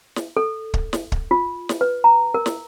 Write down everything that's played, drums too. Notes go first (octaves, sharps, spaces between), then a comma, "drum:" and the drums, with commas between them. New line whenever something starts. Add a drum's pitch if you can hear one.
drum: snare
A4
drum: kick
drum: snare
drum: kick
F4
drum: snare
B4
A#5
A#4
drum: snare